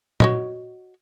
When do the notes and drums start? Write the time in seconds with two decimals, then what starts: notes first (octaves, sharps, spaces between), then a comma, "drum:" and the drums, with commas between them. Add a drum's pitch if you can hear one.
0.20 F#4 C#5 D#5, drum: tom